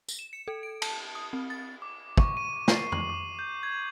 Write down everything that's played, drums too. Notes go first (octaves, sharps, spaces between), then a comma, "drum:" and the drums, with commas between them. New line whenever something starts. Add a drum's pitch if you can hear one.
drum: tambourine
E7
C#7
A4
D7
A5, drum: cymbal
D#6
C4
A6
D6
C#6, drum: kick
D#7
C7, drum: snare
F#7, drum: tom
D6
G6
G#6